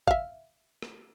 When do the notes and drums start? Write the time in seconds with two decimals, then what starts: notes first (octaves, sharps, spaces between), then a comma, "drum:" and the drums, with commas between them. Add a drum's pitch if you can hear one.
0.07 E5 F5, drum: kick A1
0.83 drum: rim click